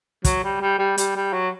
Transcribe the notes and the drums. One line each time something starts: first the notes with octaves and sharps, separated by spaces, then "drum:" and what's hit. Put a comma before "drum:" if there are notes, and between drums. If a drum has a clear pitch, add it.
F#3, drum: kick, hi-hat
G3
G3
G3
G3, drum: hi-hat
G3
F#3